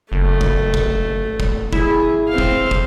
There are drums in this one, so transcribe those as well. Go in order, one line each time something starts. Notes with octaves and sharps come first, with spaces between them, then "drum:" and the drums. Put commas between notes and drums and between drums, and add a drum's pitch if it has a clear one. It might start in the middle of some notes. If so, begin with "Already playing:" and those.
F#1 A3
drum: kick
drum: kick
drum: kick
E4 G#4, drum: kick
C4 F5
drum: kick
drum: kick